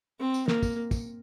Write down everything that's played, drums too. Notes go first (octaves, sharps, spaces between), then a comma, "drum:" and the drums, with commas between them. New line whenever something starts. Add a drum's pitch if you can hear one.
C4
drum: tambourine
A#3, drum: snare
drum: kick, tambourine
drum: kick, tambourine